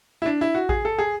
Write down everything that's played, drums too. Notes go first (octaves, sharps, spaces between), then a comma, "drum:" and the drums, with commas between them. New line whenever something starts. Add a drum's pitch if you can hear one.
E4
D4
E4
F#4
G#4, drum: kick A1
A4
G#4